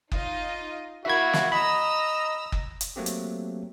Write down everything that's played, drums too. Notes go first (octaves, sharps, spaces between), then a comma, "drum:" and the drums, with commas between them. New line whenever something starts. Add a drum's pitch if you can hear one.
D#4 F4 D#5, drum: kick F#1
A#3 E4 F#4 E5 G#6
drum: snare
D#5 A#5 B5 E6
drum: kick F#1
drum: hi-hat
F#3 A3 A#3 C4 G4
drum: hi-hat